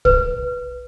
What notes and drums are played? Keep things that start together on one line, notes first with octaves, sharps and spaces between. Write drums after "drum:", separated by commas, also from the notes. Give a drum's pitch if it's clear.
B4, drum: kick